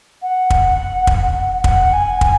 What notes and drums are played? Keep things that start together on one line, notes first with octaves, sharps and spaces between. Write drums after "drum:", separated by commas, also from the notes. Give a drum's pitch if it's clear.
F#5
drum: kick
drum: kick
F#5, drum: kick
G#5
G#5, drum: kick